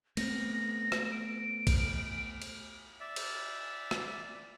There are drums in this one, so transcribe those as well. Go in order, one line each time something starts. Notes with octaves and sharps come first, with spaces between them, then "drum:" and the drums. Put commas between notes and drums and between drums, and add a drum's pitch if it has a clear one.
A3 B3 C4 A#6, drum: cymbal
drum: rim click
D7
drum: kick, cymbal
drum: cymbal
D5 E5
drum: cymbal
drum: rim click